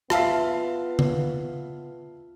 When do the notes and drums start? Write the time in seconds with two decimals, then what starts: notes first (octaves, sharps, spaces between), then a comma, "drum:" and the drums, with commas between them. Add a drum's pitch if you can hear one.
0.10 B3 F4 E5 F5 A5, drum: rim click
0.99 drum: tom C#3